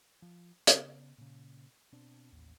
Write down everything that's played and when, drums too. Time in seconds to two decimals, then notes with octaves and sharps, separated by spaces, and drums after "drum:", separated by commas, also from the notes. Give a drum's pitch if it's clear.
0.22 F3
0.67 C#3 B3, drum: hi-hat
1.18 A#2 C#3
1.93 B2 C4 D4
2.32 A1 D#2